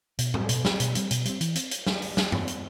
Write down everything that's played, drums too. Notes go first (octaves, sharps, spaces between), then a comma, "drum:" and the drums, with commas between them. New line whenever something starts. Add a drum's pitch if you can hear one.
B2, drum: hi-hat
G3 C4, drum: tom A2
B2, drum: hi-hat
G3 C4, drum: snare
B2, drum: hi-hat
G3 C4, drum: hi-hat
B2, drum: hi-hat
G3 C4, drum: hi-hat
E3, drum: hi-hat
C4, drum: hi-hat
drum: hi-hat
drum: snare
drum: open hi-hat
drum: snare
drum: tom G2
drum: hi-hat